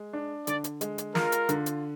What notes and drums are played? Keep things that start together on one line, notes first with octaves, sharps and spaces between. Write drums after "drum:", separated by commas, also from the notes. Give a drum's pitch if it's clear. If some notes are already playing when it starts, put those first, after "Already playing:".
Already playing: G#3
D4
D3 D5, drum: hi-hat
drum: hi-hat
G#3, drum: hi-hat
drum: hi-hat
F4 A#4, drum: snare
drum: hi-hat
D3, drum: hi-hat
drum: hi-hat